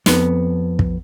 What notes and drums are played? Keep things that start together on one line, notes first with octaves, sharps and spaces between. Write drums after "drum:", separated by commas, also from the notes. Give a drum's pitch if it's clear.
F2 B3, drum: snare
drum: kick